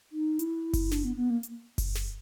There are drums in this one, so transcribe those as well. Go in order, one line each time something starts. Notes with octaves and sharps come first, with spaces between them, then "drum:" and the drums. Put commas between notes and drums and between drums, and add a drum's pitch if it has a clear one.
D#4
E4, drum: hi-hat
drum: kick F#1, open hi-hat
D4, drum: snare
B3
B3
A#3
drum: hi-hat
drum: kick F#1, open hi-hat
drum: snare